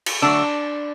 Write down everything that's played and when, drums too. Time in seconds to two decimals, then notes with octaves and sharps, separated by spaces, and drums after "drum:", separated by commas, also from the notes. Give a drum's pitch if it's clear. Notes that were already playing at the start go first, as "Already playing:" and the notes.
0.06 drum: cymbal
0.22 D3 F#3 A3 D4